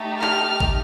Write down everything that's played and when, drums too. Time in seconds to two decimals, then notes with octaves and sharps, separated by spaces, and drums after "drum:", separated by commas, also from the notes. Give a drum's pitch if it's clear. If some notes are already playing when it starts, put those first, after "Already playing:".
Already playing: A3 D#4 G4
0.22 F6, drum: clap
0.60 drum: kick